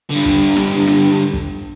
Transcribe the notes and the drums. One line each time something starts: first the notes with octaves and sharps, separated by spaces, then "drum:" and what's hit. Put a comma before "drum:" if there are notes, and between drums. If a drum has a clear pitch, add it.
G2 D3
drum: kick
drum: snare
drum: snare
drum: kick